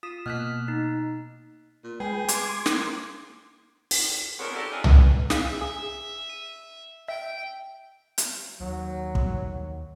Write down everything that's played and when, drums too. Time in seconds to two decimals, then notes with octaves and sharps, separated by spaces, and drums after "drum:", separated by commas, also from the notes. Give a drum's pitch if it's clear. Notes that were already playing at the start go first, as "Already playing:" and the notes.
0.03 F4 D#6 B6 E7
0.26 B2 A#3 F6 F#6 B6
0.68 D#4
1.84 A#2
2.00 G#3 G#4 B4 G5
2.28 C6 D6 G#6, drum: hi-hat
2.66 drum: snare
2.76 A#3
3.91 drum: open hi-hat
4.38 F2 G#2 B3 D4 A#4 C#5
4.54 D#4 E4 F#4 G4 A4
4.71 C4 D4 D#4 F4 G#4
4.84 F#2 E3 B3, drum: tom C2
5.30 G#4 E5 F5 B6, drum: snare
5.61 G#4
6.30 D#7
7.08 E5 G5
8.18 drum: hi-hat
8.61 D#2 F#3
9.15 drum: kick